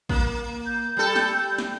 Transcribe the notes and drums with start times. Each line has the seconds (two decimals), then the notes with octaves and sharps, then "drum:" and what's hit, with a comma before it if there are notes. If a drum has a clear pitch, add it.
0.09 A#3, drum: kick A1
0.65 G6
0.97 G3 A4
1.16 drum: snare
1.58 drum: snare